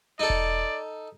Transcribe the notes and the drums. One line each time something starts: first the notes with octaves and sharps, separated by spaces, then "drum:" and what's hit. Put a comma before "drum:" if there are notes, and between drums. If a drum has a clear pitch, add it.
D#4 A4 D5
drum: kick E1